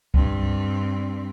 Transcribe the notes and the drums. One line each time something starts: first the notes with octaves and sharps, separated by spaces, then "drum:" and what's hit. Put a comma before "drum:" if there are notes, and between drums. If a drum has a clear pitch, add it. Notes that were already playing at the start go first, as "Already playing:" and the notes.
G2 C4, drum: kick C#2